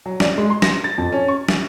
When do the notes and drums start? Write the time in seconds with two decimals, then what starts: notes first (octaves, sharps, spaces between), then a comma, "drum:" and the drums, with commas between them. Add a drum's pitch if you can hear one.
0.06 F#3
0.20 D5, drum: snare
0.38 G#3
0.50 C6
0.62 A#6, drum: snare
0.84 A6
0.98 F2
1.12 C#4
1.28 C#6
1.49 drum: snare